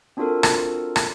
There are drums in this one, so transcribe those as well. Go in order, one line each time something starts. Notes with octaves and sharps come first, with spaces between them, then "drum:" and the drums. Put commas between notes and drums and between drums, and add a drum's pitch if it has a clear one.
C4 D4 F4 F#4 A4 A#4
drum: rim click
drum: rim click